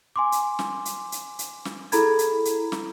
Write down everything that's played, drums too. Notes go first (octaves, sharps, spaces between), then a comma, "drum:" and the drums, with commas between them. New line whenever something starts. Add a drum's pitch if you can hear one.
G#5 C6 D6
drum: hi-hat
drum: snare
drum: hi-hat
drum: hi-hat
drum: hi-hat
drum: snare
E4 G#4 A4 A#5 B5 G#6, drum: hi-hat
drum: hi-hat
drum: hi-hat
drum: snare